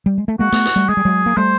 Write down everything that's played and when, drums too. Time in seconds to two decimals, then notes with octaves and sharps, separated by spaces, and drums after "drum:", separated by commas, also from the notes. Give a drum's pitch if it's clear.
0.06 G3
0.18 G#3
0.28 A3
0.39 G#3 A#3 F#4
0.52 A3 B3, drum: hi-hat
0.66 drum: hi-hat
0.76 G3 A3
0.88 G#3 G#4
0.97 G3
1.05 F#3 G#3
1.26 A#3
1.37 G3 A3 C5